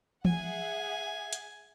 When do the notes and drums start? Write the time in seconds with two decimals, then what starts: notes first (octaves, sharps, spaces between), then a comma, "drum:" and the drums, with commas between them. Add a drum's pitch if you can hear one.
0.25 G#4 E5 F#5 G#5, drum: tom E3
1.33 drum: hi-hat